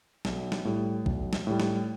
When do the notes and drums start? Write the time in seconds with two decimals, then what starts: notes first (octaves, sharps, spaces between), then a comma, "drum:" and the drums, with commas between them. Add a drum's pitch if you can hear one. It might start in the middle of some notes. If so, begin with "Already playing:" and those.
0.25 B1, drum: snare
0.52 drum: snare
0.65 A2 G3
1.06 B1, drum: kick
1.33 drum: snare
1.47 A2 G3
1.60 drum: snare